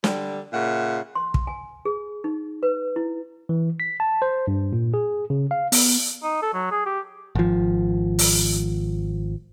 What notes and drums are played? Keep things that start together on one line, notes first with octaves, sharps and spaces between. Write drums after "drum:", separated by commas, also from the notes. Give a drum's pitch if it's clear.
D3 G3, drum: snare
A#2 C#3 E5 F#5
C6
drum: kick
G#5
G#4
D#4
B4
E4
E3
B6
A5
C5
G2
A#2
G#4
C#3
F5
B3, drum: open hi-hat
D#4
A4
F#3
G#4
G4
G#1 F3
drum: open hi-hat